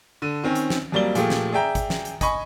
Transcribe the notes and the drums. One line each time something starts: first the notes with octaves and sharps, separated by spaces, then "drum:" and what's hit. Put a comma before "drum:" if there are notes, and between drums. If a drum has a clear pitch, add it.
D3 D#7
D#3 C4 C#4
drum: hi-hat
drum: snare
F2 F#3 G3 A#3 D5 G7
A#2 F3 A3 F4 G4 G#4, drum: hi-hat
drum: snare
G#4 D5 E5 G5 A#5
drum: kick G#1, hi-hat
drum: snare
drum: hi-hat
D#5 G#5 B5 C#6, drum: kick G#1, hi-hat